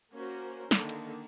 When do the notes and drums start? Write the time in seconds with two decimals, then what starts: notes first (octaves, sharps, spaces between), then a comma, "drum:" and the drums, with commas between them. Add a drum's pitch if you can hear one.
0.13 A#3 C#4 F#4 A#4 C5
0.71 D3 D#3 A#3, drum: snare
0.89 drum: cymbal